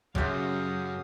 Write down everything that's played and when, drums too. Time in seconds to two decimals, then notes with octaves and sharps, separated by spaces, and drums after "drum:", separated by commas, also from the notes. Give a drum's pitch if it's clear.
0.15 F#2 C#3 C#4 F#4 G4 E5 F5 D#6, drum: kick G1